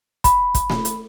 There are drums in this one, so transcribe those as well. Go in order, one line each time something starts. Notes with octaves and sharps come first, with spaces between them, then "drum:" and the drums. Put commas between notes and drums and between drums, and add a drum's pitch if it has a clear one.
B5, drum: kick, hi-hat
drum: kick, hi-hat
drum: snare A3
drum: hi-hat